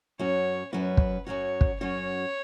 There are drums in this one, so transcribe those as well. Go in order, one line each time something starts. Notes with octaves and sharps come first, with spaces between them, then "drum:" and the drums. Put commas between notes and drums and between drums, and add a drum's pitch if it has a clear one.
F#2 F#3 C#4 F#4 C#5
F#2 F#3 C#4 F#4 B4
drum: kick
F#2 F#3 C#4 F#4 C#5
drum: kick
F#2 F#3 C#4 F#4 C#5